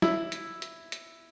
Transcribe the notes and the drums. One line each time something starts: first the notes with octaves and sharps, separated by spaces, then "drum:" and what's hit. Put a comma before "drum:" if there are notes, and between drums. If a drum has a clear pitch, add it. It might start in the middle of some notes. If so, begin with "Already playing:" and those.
E4, drum: snare
drum: hi-hat
drum: hi-hat
drum: hi-hat